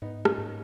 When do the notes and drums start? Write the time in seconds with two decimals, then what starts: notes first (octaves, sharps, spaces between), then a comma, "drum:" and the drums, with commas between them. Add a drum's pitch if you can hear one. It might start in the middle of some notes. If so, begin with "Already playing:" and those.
0.02 G#2 B3 D#4
0.25 A#3 C#4, drum: rim click
0.38 G#2